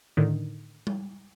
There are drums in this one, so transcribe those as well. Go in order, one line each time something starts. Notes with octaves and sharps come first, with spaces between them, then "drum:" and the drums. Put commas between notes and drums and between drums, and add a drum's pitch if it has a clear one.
A2 D3 D#3
drum: tom G3